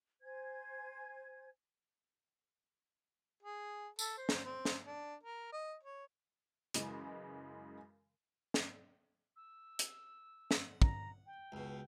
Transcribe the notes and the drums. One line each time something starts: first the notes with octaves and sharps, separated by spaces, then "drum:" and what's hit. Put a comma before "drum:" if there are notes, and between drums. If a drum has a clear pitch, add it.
C5 G#5 G#6
G#4
A4, drum: tambourine
C5
drum: snare
C4
drum: snare
D4
A#4
D#5
C#5
F#2 C#3 E3 G#3, drum: hi-hat
drum: snare
E6
drum: hi-hat
F#5, drum: snare
A#5, drum: kick
G5
C#2 B2